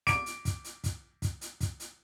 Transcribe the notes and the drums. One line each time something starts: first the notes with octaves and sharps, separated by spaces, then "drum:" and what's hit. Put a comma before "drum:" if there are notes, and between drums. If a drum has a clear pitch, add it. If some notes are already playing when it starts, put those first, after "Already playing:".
D6 D7, drum: kick, hi-hat
drum: hi-hat
drum: kick, hi-hat
drum: hi-hat
drum: kick, hi-hat
drum: kick, hi-hat
drum: hi-hat
drum: kick, hi-hat
drum: hi-hat